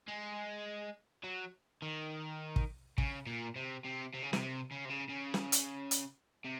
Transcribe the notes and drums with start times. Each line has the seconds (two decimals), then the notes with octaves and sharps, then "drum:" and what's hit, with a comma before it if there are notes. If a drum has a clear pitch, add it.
0.08 G#3
1.24 F#3
1.82 D#3
2.56 drum: kick
2.98 C#3, drum: kick
3.27 A#2
3.56 C3
3.84 C3
4.14 C3
4.23 C#3
4.33 C3, drum: snare
4.71 C#3
4.86 C3
4.90 C#3
5.09 C#3
5.34 drum: snare
5.52 drum: hi-hat
5.91 drum: hi-hat
6.44 C3